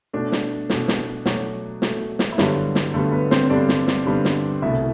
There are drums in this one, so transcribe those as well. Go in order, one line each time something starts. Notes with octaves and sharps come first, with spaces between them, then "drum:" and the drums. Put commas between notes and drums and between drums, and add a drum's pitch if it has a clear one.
B2 A3 D4
drum: snare
B2 A3, drum: snare
drum: snare
B2 F#3 A3 F#4, drum: snare
B2 A3, drum: snare
drum: snare
E4
G2 D3 F#3 G3 B3 F#4, drum: snare
drum: snare
G2 D3 G3 A3 B3 A4
B3 B4
C4 C5, drum: snare
G2 D3 G3 B3 D4 D5
drum: snare
drum: snare
G2 D3 G3 B3
drum: snare
C2 B2 A3 E4 E5